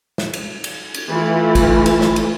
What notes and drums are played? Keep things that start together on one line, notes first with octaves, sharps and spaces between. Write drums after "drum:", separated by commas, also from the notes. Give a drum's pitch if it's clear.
drum: snare
drum: cymbal
drum: cymbal
drum: cymbal
E3 A3 E4 F4
drum: kick, cymbal
drum: cymbal
drum: snare
drum: cymbal